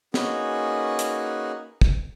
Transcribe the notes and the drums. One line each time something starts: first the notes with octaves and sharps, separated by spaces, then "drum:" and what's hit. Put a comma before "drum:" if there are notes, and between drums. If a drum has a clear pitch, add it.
A#3 C#4 D#4 F#4 G#4 B4, drum: snare
drum: hi-hat
drum: kick